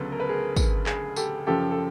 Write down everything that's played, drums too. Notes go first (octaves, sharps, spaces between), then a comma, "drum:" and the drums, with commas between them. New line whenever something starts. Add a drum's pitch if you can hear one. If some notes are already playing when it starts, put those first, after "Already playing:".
Already playing: D2 C#3 F#3 B3 A4 B4
A#4
B4
G#4 A#4
drum: kick, tambourine
G#4, drum: clap
G4 A4, drum: tambourine
F#2 C#3 F3 G4 A4
A4